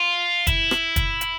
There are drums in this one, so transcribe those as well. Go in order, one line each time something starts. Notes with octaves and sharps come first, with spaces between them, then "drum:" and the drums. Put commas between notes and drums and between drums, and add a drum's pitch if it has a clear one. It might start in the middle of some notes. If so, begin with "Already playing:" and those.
Already playing: F4
E4, drum: kick, hi-hat
drum: rim click
drum: kick, hi-hat
drum: hi-hat